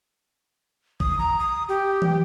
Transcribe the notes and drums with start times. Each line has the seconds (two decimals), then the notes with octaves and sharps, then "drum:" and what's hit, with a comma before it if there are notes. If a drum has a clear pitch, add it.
1.00 D#6, drum: kick
1.19 A#5
1.39 D#6
1.69 G4
2.02 drum: tom